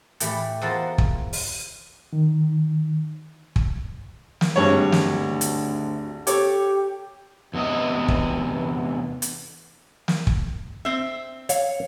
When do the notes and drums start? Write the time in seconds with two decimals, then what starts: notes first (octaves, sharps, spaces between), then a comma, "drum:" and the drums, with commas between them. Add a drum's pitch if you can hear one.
0.20 A2 E3 A3 G4, drum: hi-hat
0.62 E2 F4 A4 A#4 C5 F#5
0.98 drum: kick
1.33 drum: open hi-hat
2.13 D#3
3.56 drum: kick
4.41 drum: snare
4.56 G#1 D2 G2 C#5
4.92 drum: snare
5.41 drum: hi-hat
6.27 G4 A4 C#5 D6, drum: hi-hat
7.54 E2 C3 E3 D#5
8.08 drum: kick
9.22 drum: hi-hat
10.08 drum: snare
10.27 drum: kick
10.85 C4 E5
11.49 C#5 F5, drum: hi-hat